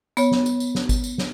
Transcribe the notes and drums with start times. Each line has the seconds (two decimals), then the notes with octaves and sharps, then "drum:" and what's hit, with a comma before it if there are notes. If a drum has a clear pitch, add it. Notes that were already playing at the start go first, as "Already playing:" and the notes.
0.17 B3 C#5, drum: tambourine
0.31 drum: snare
0.46 drum: tambourine
0.60 drum: tambourine
0.75 drum: snare
0.89 drum: kick G#1, tambourine
1.04 drum: tambourine
1.18 drum: snare